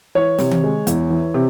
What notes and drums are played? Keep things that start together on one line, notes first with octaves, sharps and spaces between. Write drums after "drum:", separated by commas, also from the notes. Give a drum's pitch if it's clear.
E3 C#5
C3, drum: snare
drum: tom D#3
G#3
E2, drum: hi-hat
E3
C3